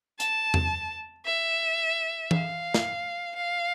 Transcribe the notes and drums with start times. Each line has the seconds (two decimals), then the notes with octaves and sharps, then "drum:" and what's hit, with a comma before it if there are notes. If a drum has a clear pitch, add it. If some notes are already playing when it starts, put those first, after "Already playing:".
0.20 A5, drum: hi-hat
0.54 drum: tom E2
1.26 E5
2.31 F5, drum: tom E3
2.74 drum: snare
3.36 F5